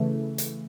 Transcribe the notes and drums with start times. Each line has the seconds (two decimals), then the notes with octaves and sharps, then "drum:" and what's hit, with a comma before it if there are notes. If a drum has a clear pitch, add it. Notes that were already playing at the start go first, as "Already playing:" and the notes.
Already playing: C#3 E3 A3
0.38 drum: hi-hat